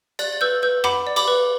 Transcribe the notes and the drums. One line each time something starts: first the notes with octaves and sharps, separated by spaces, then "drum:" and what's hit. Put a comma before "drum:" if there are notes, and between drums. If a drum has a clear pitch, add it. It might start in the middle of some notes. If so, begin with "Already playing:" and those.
D5 F#6 A6, drum: cymbal
A6
B4 E6 G6
B4 E6 G6
F#5 B5 D6, drum: rim click
D5
B5 D6, drum: cymbal
B4